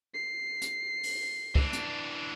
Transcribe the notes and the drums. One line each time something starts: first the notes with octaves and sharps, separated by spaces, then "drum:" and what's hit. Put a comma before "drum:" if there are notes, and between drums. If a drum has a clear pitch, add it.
C7
drum: hi-hat
drum: open hi-hat
E3 D4, drum: kick
drum: hi-hat